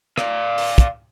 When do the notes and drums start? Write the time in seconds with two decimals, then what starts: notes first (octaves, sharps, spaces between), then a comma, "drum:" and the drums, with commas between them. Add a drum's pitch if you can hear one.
0.18 D5 F5, drum: rim click
0.58 drum: open hi-hat
0.78 drum: kick, hi-hat